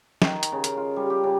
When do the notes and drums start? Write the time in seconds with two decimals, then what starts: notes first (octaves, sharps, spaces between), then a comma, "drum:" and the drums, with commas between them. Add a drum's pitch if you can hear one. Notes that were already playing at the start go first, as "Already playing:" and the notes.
0.22 D#3, drum: snare
0.43 drum: hi-hat
0.52 C#3
0.64 A#4, drum: hi-hat
0.77 F4
0.96 G3
1.10 G4
1.24 C#3